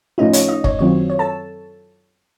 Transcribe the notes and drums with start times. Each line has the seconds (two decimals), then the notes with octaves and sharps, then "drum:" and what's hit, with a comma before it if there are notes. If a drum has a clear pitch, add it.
0.18 A2 F3 A3 C#4 D#4 F4 D#5
0.33 C#5, drum: hi-hat
0.49 D#4 D#5
0.64 C#5, drum: kick
0.79 F#2 D#3 F#3 C4 F4 C#5
1.10 C#5
1.19 A4 A5